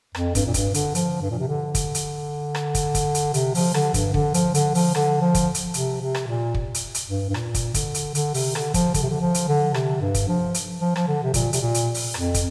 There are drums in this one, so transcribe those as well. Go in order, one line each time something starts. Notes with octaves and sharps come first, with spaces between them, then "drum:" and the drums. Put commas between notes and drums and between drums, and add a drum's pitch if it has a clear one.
F2, drum: rim click
G2, drum: kick, hi-hat
A#2
G2, drum: kick, hi-hat
D3, drum: hi-hat
F3, drum: hi-hat
G2
A#2
C3
D3
drum: kick, hi-hat
drum: hi-hat
drum: rim click
drum: kick, hi-hat
drum: kick, hi-hat
drum: hi-hat
C3, drum: hi-hat
F3, drum: open hi-hat
D3, drum: rim click
G2, drum: kick, hi-hat
D3, drum: kick
F3, drum: hi-hat
D3, drum: hi-hat
F3, drum: open hi-hat
D3, drum: rim click
F3
drum: kick, hi-hat
drum: hi-hat
C3, drum: hi-hat
C3
drum: rim click
A#2
drum: kick
drum: hi-hat
drum: hi-hat
G2
G2
A#2, drum: rim click
drum: kick, hi-hat
D3, drum: kick, hi-hat
drum: hi-hat
D3, drum: hi-hat
C3, drum: open hi-hat
D3, drum: rim click
F3, drum: kick, hi-hat
D3, drum: kick, hi-hat
C3
D3
F3
drum: hi-hat
D3
C3, drum: rim click
G2
drum: kick, hi-hat
F3
drum: hi-hat
F3
F3, drum: rim click
D3
C3
A#2, drum: kick, hi-hat
C3, drum: hi-hat
A#2
drum: hi-hat
drum: open hi-hat
F2, drum: rim click
drum: kick, hi-hat